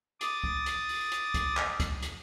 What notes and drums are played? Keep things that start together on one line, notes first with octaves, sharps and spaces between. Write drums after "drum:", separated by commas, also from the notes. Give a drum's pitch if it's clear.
D6 D#6 A6, drum: hi-hat
drum: kick C#2
drum: hi-hat
drum: open hi-hat
drum: hi-hat
drum: kick C#2, hi-hat
drum: clap
drum: kick C#2, hi-hat
drum: hi-hat